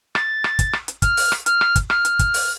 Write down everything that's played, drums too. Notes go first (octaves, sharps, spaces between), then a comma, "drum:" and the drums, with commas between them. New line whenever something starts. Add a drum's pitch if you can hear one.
A6, drum: rim click
drum: rim click
drum: kick, hi-hat
drum: rim click
drum: hi-hat
F6, drum: kick, hi-hat
drum: open hi-hat
drum: rim click
F6, drum: hi-hat
drum: rim click
drum: kick, hi-hat
F6, drum: rim click
drum: hi-hat
drum: kick, hi-hat
drum: open hi-hat